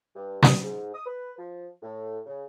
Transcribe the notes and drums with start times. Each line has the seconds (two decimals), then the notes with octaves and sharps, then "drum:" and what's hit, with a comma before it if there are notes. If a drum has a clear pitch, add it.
0.15 G2
0.43 D#6, drum: snare
0.64 G#2
0.94 D#6
1.05 B4
1.38 F3
1.82 A2
2.26 C#3